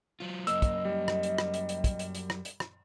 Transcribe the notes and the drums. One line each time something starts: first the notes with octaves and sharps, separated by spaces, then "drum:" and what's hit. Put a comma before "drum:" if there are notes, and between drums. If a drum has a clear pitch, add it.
F#3 F4
F#2 A#3 D#5 E6, drum: hi-hat
drum: kick, hi-hat
G3
drum: rim click
drum: hi-hat
drum: rim click
drum: hi-hat
drum: hi-hat
drum: kick, hi-hat
drum: hi-hat
drum: hi-hat
drum: rim click
drum: hi-hat
drum: rim click